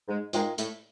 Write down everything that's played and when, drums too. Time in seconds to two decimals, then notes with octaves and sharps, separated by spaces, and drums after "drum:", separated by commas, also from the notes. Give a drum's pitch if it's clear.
0.08 G#2 G#3
0.33 G#2 G#3 F4 A#4 D#5 G5, drum: hi-hat
0.58 A2 A3, drum: hi-hat